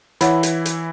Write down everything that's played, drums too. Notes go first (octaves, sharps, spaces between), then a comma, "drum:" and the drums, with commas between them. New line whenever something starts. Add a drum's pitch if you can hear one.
E3 E4 C#5 F#5 B5, drum: hi-hat
drum: hi-hat
drum: hi-hat